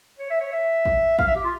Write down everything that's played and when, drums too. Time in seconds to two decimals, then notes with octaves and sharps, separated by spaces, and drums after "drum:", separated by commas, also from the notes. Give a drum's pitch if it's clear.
0.19 C#5
0.30 E5
0.41 C#5
0.52 E5
0.85 drum: kick A#1
1.19 F5, drum: kick A#1
1.27 E5
1.35 G4
1.44 F4